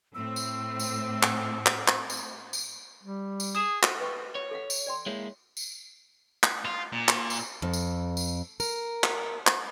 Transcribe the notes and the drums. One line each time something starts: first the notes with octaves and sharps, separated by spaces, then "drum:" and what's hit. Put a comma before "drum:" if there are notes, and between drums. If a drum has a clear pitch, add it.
A2 A3 C4 E6
drum: tambourine
drum: tambourine
drum: clap
drum: clap
drum: clap
drum: tambourine
drum: tambourine
G3
drum: tambourine
G#4 D#6 E7
drum: clap
B4 G5 C#6
C#5
A4 F5 F#5
drum: tambourine
D5 G5 C6
G#3 A#3 E4 C#5
drum: tambourine
drum: clap
F4
A#2
drum: clap
drum: tambourine
F2
drum: tambourine
drum: tambourine
A#4, drum: tambourine
drum: clap
drum: clap